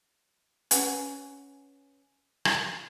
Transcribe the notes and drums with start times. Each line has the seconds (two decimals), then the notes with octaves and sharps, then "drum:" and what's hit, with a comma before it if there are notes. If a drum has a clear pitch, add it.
0.71 C#4 B4 F#5 G#5, drum: hi-hat
2.45 drum: rim click